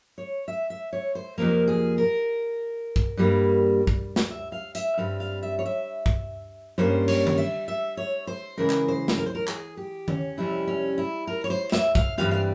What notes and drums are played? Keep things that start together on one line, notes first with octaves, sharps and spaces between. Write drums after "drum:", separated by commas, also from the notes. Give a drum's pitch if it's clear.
C#5
E5
E5
C#5
C5
F2 C3 F3 A#3 A#4
G#4
A#4
drum: kick
G2 G3 A#3
drum: kick
drum: snare
E5
F5
E5, drum: hi-hat
G2 G3 C4 F5
F5
E5
C#5
E5
drum: kick
G2 G3 A#3 C#4 C5
C#5, drum: cymbal
drum: tom D#3
E5
E5
C#5
C5
C#3 E3 G#3 A#4
drum: clap
C5
drum: snare
A#4
C5
A#4
G#4, drum: clap
G4
C#4, drum: tom D#3
F2 C3 G3 C#4 E4
C#4
E4
A#4
C#5
C5
E5, drum: snare
F5, drum: kick
G2 E3 G3 C4 F5
F5